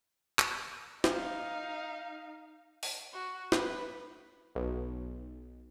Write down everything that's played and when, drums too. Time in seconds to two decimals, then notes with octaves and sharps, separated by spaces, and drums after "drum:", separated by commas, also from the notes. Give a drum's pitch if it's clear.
0.39 drum: clap
1.04 D#4 F5, drum: snare
2.83 drum: open hi-hat
3.14 F#4
3.52 B4, drum: snare
4.55 B1